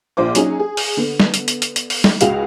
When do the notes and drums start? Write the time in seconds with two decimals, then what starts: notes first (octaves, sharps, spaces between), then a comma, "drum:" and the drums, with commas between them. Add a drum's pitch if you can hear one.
0.17 A#1 F4 C5 D6
0.35 F#3 C#4 D#4 G#4, drum: hi-hat
0.60 G#4
0.77 drum: open hi-hat
0.97 D3 B3
1.20 drum: snare
1.34 drum: hi-hat
1.48 drum: hi-hat
1.62 drum: hi-hat
1.76 drum: hi-hat
1.90 drum: open hi-hat
2.04 drum: snare
2.21 C#2 G#3 F#4 G#4 F5 F7, drum: hi-hat